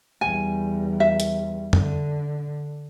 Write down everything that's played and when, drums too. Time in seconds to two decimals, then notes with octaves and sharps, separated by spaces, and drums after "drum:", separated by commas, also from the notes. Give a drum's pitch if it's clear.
0.21 E2 G3 G#5
1.00 E5
1.20 drum: hi-hat
1.73 D3, drum: tom F2